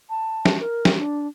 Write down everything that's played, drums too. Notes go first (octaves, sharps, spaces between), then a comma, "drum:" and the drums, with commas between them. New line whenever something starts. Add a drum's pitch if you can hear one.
A5
drum: snare
A#4
drum: snare
D4